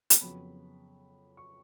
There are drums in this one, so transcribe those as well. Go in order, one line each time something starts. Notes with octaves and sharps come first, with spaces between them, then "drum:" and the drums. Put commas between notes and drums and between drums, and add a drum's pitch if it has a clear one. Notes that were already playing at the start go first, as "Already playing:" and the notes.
drum: hi-hat
F2 C#3 F#3 B3 B5
C#6